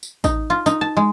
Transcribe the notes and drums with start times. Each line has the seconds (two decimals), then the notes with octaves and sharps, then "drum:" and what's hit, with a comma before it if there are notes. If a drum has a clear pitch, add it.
0.03 drum: tambourine
0.24 D#4, drum: kick A1, tambourine
0.50 F4
0.66 D#4, drum: tambourine
0.81 A5
0.97 G#3